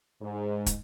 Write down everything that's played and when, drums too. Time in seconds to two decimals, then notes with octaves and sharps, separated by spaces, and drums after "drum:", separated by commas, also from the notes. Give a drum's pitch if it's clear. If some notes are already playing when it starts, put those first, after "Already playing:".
0.22 G#2
0.66 drum: kick, hi-hat